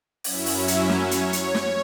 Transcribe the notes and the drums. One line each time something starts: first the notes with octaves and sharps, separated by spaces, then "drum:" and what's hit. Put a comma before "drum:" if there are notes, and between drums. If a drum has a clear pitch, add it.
F#2 F#3 C#4 E4 E5, drum: open hi-hat
drum: open hi-hat
E4 E5
drum: hi-hat
C#5, drum: snare
drum: hi-hat
drum: hi-hat
drum: snare